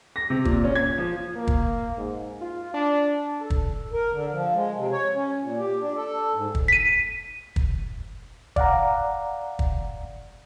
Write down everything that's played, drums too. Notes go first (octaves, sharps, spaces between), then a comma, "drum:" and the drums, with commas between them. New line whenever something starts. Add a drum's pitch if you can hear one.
A#6
C3
A#2, drum: kick
C#4
G#6
F3
A#3
drum: kick
G#2
F4
D4
A4
drum: kick
A#4
D3
F3
G#3
C3
C#5
C#4
A#2
G4
D4
A4
G#2
drum: kick
B6 D#7
drum: kick
D5 F5 F#5 A#5, drum: kick
drum: kick